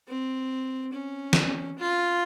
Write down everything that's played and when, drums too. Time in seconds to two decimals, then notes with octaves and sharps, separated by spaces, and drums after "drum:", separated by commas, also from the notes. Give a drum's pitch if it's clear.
0.08 C4
0.93 C#4
1.33 drum: snare
1.79 F4